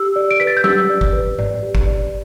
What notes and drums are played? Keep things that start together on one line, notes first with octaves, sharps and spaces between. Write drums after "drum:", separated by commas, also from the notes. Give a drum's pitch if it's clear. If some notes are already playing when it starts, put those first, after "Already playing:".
Already playing: G4 E6
D5
D7
B4 B6
A6
G6
G4 E6, drum: tom F#3
D5
drum: kick
B4
D5, drum: tom G#2
G4
drum: kick
D5